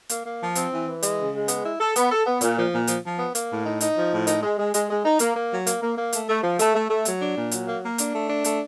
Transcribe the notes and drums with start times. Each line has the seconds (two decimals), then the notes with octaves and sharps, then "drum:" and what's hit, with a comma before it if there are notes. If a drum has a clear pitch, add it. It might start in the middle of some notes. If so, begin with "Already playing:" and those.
0.09 A#3, drum: hi-hat
0.25 A#3
0.41 F3
0.55 C4, drum: hi-hat
0.72 E3
0.87 E3
1.03 G#3, drum: hi-hat
1.18 C#3
1.34 G#3
1.48 B3, drum: hi-hat
1.65 E4
1.80 A4
1.96 B3, drum: hi-hat
2.11 A4
2.26 B3
2.41 A#2, drum: hi-hat
2.58 F3
2.73 A#2
2.87 F3, drum: hi-hat
3.03 F3
3.18 B3
3.35 A#3, drum: hi-hat
3.50 A2
3.66 D#4
3.81 D#4, drum: hi-hat
3.96 F3
4.11 A2
4.27 D#4, drum: hi-hat
4.42 G#3
4.58 G#3
4.74 G#3, drum: hi-hat
4.89 G#3
5.04 D#4
5.19 A#3, drum: hi-hat
5.36 A#3
5.51 F#3
5.67 A#3, drum: hi-hat
5.82 A#3
5.97 A#3
6.13 A3, drum: hi-hat
6.28 A3
6.43 F3
6.59 A3, drum: hi-hat
6.74 A3
6.89 A3
7.05 F#3, drum: hi-hat
7.21 D4
7.36 A#2
7.51 F#3, drum: hi-hat
7.67 A#3
7.82 A#3
7.98 D4, drum: hi-hat
8.13 A3
8.29 D4
8.44 A3, drum: hi-hat